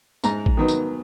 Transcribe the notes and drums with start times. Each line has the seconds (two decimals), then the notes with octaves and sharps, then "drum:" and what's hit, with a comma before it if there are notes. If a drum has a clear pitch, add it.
0.24 G#2 A#5, drum: tambourine
0.46 drum: kick A1
0.57 D#3 F#3 B3 D#4
0.68 drum: tambourine